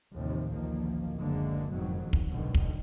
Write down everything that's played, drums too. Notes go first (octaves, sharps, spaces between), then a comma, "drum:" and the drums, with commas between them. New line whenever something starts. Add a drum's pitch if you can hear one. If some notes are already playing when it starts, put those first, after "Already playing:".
A1 D#2 A2 C3 D#3 F3
A1 D2 D#3 F3 A#3
F#1 D2 D3 G#3 A#3
F#1 F2 G#2 B2 D#3 F#3
drum: kick
C#2 F#2 B2 D3 D#3
drum: kick